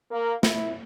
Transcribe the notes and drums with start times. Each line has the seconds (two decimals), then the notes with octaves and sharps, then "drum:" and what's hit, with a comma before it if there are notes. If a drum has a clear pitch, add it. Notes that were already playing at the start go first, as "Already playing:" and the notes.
0.11 A#3
0.43 E4, drum: snare